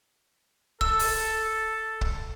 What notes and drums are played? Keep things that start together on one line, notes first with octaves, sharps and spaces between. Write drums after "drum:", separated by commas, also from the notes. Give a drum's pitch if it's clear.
A4 E6, drum: kick
drum: open hi-hat
drum: kick